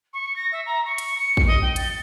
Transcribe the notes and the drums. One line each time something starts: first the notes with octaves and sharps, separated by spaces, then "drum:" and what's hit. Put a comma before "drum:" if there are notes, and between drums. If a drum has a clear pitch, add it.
C#6
A#6
E5
A#5
C#6
drum: hi-hat
C#7
drum: kick
D#5
G5
A6, drum: hi-hat